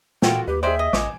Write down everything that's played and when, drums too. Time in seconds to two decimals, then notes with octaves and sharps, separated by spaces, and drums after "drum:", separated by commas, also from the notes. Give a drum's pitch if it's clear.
0.22 A#2 F4 F#4 A4 G5, drum: snare
0.48 D#2 G4 B4
0.63 G#3 G#4 C5 D5 E5 G5
0.79 D#5
0.93 A1 G#5 D6, drum: snare